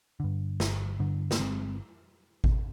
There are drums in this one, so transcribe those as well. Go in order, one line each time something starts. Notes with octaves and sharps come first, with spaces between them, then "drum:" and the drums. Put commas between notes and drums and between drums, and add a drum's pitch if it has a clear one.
G2 D3
G1, drum: snare
G2 D3
A#3, drum: snare
G1 G#3 C4
drum: kick G#1